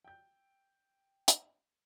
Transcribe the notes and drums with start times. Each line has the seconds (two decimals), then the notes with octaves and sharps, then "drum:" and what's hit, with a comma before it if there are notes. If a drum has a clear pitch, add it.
0.05 G5 G6
1.28 drum: hi-hat